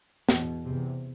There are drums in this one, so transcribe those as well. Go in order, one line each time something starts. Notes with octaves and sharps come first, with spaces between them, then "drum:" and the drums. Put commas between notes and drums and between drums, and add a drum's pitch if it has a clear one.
E2 B2, drum: snare
E2 C3